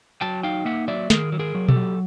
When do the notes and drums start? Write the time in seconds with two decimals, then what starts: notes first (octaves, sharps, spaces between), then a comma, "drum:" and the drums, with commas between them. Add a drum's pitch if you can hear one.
0.21 F#3 G5 A5
0.43 D#4 F5 G5
0.65 A#3 E5 F#5
0.88 F#3 D5 E5
1.10 D#3 G#4 A#4, drum: snare
1.32 F#3
1.39 G#4 A#4
1.55 F#3
1.69 G4 A4, drum: tom B2
1.76 F#3